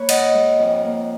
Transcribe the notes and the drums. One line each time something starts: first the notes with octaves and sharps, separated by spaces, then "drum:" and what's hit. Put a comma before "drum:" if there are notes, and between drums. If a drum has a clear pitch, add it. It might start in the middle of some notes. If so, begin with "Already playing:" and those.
Already playing: A#3 B4 C#5
G#2 D#5 F#5, drum: cymbal
G#3
F2
A#3